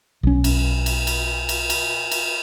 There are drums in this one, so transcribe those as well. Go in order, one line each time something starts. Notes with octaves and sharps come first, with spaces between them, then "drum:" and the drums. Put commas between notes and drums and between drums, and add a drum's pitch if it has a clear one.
B1 C#4
drum: cymbal
drum: cymbal
drum: cymbal
drum: cymbal
drum: cymbal
drum: cymbal